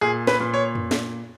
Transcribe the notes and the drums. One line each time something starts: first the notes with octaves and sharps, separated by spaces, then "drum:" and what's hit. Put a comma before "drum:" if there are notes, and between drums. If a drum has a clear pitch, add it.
A#2 G#4
B4, drum: snare
A#2
C#5
drum: tom F2
drum: snare